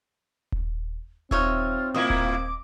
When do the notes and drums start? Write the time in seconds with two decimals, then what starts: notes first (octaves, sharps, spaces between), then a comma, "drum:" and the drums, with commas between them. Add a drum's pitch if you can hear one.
0.52 drum: kick D#1
1.31 C4 D#4 F4 C#5 E5, drum: kick D#1
1.94 A2 A#3 E4 D#5 D6
2.10 drum: kick D#1